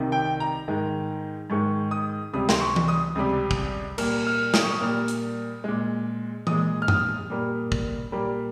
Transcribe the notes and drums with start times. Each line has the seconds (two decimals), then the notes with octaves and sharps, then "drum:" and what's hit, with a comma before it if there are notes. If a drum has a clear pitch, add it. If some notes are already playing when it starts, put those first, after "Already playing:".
Already playing: C2 C3 D#3
0.12 G5
0.40 A#5
0.68 G#2 D#3 G#3
1.50 G#2 D#3 G#3 C#6
1.91 D#6
2.33 C#2 C3 G3 D#6
2.49 C6, drum: snare
2.60 C#6
2.76 drum: tom E3
2.88 D#6
3.15 C#2 C3 G3
3.51 drum: kick
3.98 A#2 G3 A#3 F6, drum: cymbal
4.27 F6
4.54 D#6, drum: snare
4.63 C#6
4.71 D#6
4.81 A#2 G3 A#3 F6
5.08 drum: hi-hat
5.64 A#2 G#3
6.47 A#2 G#3 D#6, drum: tom E3
6.82 F6
6.88 D#6, drum: tom F#2
7.30 A#2 G3 A#3
7.72 drum: kick
8.12 A#2 G3 A#3